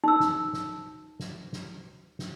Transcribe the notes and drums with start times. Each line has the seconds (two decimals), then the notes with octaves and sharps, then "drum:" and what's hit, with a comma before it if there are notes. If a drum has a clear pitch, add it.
0.04 D#4 E6
0.20 drum: snare
0.53 drum: snare
1.20 drum: snare
1.53 drum: snare
2.19 drum: snare